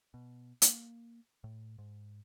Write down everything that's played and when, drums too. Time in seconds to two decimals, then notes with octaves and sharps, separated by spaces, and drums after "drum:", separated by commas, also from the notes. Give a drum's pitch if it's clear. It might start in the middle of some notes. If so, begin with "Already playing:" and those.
0.14 B2
0.62 A#3, drum: hi-hat
1.44 A2
1.78 G#2